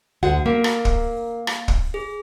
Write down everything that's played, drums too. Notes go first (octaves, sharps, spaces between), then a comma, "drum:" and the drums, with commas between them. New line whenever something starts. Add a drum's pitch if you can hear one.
D2 F#4 F#5
A#3 A#4
drum: rim click
drum: kick
drum: rim click
drum: kick
G#4